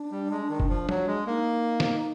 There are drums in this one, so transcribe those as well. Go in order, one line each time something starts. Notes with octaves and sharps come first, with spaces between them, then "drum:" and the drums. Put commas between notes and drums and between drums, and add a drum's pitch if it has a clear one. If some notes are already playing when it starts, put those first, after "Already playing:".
Already playing: D4
G3
G#3
D#3
drum: kick F1
F3
F#3, drum: tom
G#3
A#3 D#4
drum: snare